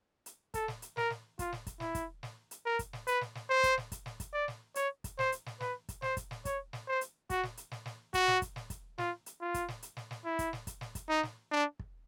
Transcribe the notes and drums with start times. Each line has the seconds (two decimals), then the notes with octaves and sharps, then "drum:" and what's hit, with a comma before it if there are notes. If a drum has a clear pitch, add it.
0.26 drum: hi-hat
0.54 A4, drum: kick, hi-hat
0.68 drum: snare
0.82 drum: hi-hat
0.97 A#4, drum: snare
1.10 drum: snare
1.39 F4, drum: kick, hi-hat
1.52 drum: snare
1.67 drum: kick, hi-hat
1.80 E4, drum: snare
1.95 drum: kick, hi-hat
2.23 drum: snare
2.51 drum: hi-hat
2.65 A#4
2.79 drum: kick, hi-hat
2.93 drum: snare
3.07 B4, drum: hi-hat
3.21 drum: snare
3.35 drum: snare
3.50 C5
3.63 drum: kick, hi-hat
3.78 drum: snare
3.92 drum: kick, hi-hat
4.06 drum: snare
4.20 drum: kick, hi-hat
4.33 D5
4.48 drum: snare
4.75 C#5, drum: hi-hat
5.04 drum: kick, hi-hat
5.19 C5, drum: snare
5.32 drum: hi-hat
5.46 drum: snare
5.60 B4, drum: snare
5.89 drum: kick, hi-hat
6.02 C5, drum: snare
6.17 drum: kick, hi-hat
6.31 drum: snare
6.45 C#5, drum: kick, hi-hat
6.73 drum: snare
6.88 C5
7.01 drum: hi-hat
7.30 F#4, drum: kick, hi-hat
7.43 drum: snare
7.57 drum: hi-hat
7.71 drum: snare
7.86 drum: snare
8.14 F#4, drum: kick, hi-hat
8.28 drum: snare
8.42 drum: kick, hi-hat
8.56 drum: snare
8.70 drum: kick, hi-hat
8.98 F4, drum: snare
9.26 drum: hi-hat
9.41 F4
9.54 drum: kick, hi-hat
9.68 drum: snare
9.83 drum: hi-hat
9.97 drum: snare
10.11 drum: snare
10.25 E4
10.39 drum: kick, hi-hat
10.53 drum: snare
10.67 drum: kick, hi-hat
10.81 drum: snare
10.95 drum: kick, hi-hat
11.09 D#4
11.23 drum: snare
11.51 D4
11.79 drum: kick